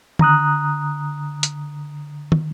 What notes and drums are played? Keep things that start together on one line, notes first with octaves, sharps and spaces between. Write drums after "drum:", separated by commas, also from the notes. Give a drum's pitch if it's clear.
D3 A#5 D#6 F#6, drum: tom
drum: hi-hat
drum: tom